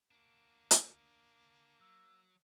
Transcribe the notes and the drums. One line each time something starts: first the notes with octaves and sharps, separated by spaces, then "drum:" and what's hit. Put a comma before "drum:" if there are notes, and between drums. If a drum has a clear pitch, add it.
A#3 D4 F#4
drum: hi-hat
F#3 E6